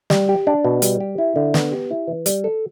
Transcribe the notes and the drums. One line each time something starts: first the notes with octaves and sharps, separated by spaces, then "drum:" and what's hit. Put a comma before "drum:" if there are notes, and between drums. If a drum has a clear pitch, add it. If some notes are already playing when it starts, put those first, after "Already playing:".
G3, drum: snare
G4
D4
B2
G3, drum: hi-hat
G4
E4
D3
B3, drum: snare
G4
E4
E3
G3, drum: hi-hat
A4